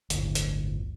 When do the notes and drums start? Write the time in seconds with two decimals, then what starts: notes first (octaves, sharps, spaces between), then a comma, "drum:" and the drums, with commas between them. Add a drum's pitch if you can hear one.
0.10 D1 G1, drum: hi-hat
0.35 drum: hi-hat